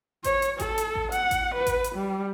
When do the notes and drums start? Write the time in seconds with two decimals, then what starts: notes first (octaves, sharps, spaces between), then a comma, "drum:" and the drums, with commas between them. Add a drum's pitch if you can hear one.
0.24 C#5, drum: kick A1, hi-hat
0.42 drum: hi-hat
0.60 A4, drum: kick A1, hi-hat
0.78 drum: hi-hat
0.95 drum: kick A1
1.12 F#5, drum: hi-hat
1.31 drum: kick A1, hi-hat
1.55 B4
1.67 drum: kick A1, hi-hat
1.84 drum: hi-hat
1.95 G3